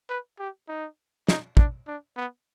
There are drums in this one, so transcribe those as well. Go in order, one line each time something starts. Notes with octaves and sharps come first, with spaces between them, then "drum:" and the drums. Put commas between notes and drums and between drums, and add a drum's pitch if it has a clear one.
B4
G4
D#4
D#4, drum: snare
D4, drum: kick
D4
B3